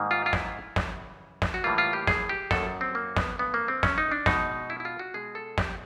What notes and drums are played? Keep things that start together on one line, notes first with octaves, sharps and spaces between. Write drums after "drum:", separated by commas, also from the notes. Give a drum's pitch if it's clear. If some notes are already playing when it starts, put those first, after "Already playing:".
Already playing: G#2 D#3 G3 A#3
F4
F4
E4, drum: snare
F#2 C#3 E3 G3, drum: snare
drum: snare
F#4
A2 E3 G3 A#3 F4
F4
G4
G#4, drum: snare
G4
F#2 D#3 F#3 A#3 A4, drum: snare
C4
A#3
B3, drum: snare
G2 E3 A3 B3
A#3
C4
C#4, drum: snare
D#4
D4
B2 G#3 D#4, drum: snare
E4
E4
F4
F#4
B2 G#3 G#4
A4
G4, drum: snare